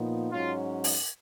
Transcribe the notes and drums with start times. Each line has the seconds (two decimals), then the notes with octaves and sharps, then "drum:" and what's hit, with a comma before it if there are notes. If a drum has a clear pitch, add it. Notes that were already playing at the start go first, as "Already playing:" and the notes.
Already playing: A#2 F3 B3 D#4
0.32 G#2 F#3 C#4 F4
0.84 drum: open hi-hat